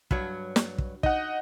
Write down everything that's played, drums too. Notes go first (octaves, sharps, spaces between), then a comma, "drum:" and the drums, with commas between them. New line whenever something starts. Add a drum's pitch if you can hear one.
G2 F#3 C#5, drum: kick
drum: snare
drum: kick
D#4 D#5 F#5, drum: kick